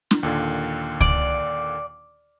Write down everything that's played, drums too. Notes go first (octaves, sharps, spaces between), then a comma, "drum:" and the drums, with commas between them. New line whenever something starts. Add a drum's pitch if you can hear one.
drum: snare
D#2 A#2 D3
D5, drum: kick C#2